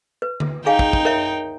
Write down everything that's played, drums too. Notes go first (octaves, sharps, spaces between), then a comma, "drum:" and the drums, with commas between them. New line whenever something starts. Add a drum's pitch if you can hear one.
B4
drum: tom D3
D#4 G#4 F5 G5 G#5
drum: kick
drum: kick
A#4 C#5 E5